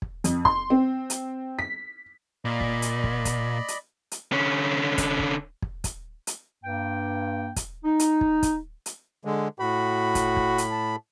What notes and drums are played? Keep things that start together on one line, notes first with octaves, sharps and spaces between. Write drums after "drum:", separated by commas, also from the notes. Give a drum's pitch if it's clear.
drum: kick
F2, drum: hi-hat
C6, drum: kick
C4
drum: hi-hat
B6
A#2 D5 D#5 B5
drum: kick
drum: hi-hat
drum: kick
drum: kick, hi-hat
drum: hi-hat
drum: hi-hat
D3 C#4
drum: kick, hi-hat
drum: kick
drum: kick
drum: kick, hi-hat
drum: hi-hat
G2 A#3 G5
drum: kick, hi-hat
D#4
drum: hi-hat
drum: kick
drum: kick, hi-hat
drum: hi-hat
D3 G#3
A2 F#4 B5
drum: kick, hi-hat
drum: kick
drum: hi-hat
A5